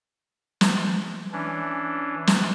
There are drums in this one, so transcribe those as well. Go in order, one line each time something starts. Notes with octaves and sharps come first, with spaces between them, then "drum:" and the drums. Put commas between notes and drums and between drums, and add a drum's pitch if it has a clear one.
drum: snare
E3 C#4 D4
drum: snare